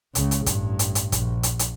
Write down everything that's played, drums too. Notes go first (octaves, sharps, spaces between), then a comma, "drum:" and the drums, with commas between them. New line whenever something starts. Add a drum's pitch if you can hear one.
C#2 C#3, drum: hi-hat
drum: hi-hat
A1 G2, drum: kick, hi-hat
drum: hi-hat
drum: hi-hat
A#1, drum: kick, hi-hat
drum: hi-hat
drum: hi-hat